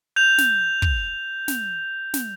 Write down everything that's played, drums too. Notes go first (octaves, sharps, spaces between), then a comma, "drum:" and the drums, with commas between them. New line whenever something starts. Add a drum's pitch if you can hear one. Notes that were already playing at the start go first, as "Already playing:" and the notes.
G6 F7
drum: snare
drum: kick
drum: snare
drum: snare